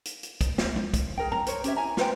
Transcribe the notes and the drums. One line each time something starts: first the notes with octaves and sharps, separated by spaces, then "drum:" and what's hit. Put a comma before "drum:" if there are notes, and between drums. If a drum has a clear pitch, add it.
drum: hi-hat
drum: hi-hat
drum: kick, hi-hat
drum: snare
drum: tom G#3
drum: kick, hi-hat
G#4 A#4 G5
A#5, drum: tom G#2
A#4 C5 C#5, drum: hi-hat
C#4 G4 C#5 E5, drum: hi-hat
E4 G#5 A#5
F4 B4 C5 G5, drum: snare